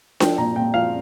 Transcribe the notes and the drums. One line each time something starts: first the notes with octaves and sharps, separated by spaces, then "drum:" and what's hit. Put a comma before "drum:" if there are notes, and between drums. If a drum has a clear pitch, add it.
F3 G5, drum: snare D4
A#2 A#5
A#2 G5
F3 F5